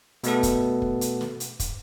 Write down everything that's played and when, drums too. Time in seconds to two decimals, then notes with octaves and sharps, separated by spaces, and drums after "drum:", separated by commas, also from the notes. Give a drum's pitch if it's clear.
0.24 B2 A3 B3 A4, drum: hi-hat
0.43 drum: kick, hi-hat
0.82 drum: kick
1.01 drum: hi-hat
1.21 drum: snare
1.40 drum: hi-hat
1.60 drum: kick, hi-hat